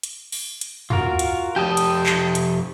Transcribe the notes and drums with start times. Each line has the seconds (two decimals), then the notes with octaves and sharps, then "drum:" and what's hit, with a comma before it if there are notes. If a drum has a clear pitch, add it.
0.03 drum: hi-hat
0.32 drum: open hi-hat
0.61 drum: hi-hat
0.90 F4 F#4 A#4, drum: tom
1.19 drum: hi-hat
1.56 F2 G4 G5 A5 D#6
1.77 drum: hi-hat
2.06 drum: clap
2.35 drum: hi-hat